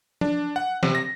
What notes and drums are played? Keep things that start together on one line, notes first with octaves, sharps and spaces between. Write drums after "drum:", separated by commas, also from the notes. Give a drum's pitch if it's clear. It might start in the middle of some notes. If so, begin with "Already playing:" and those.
D4, drum: tom F3
F#5
C3, drum: snare
A#6